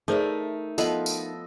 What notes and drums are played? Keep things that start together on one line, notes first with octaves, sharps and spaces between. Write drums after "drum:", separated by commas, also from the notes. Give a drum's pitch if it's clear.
A3 D#4 G#4 A#4 C5 D5 E5
F3 B3 A4 B4 D#5, drum: tambourine
drum: tambourine